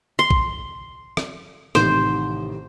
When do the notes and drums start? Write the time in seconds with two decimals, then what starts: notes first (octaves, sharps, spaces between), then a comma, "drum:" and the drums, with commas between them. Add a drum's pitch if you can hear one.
0.19 C6
0.30 drum: kick A#1
1.17 drum: rim click
1.75 A1 C3 D#3 C5, drum: rim click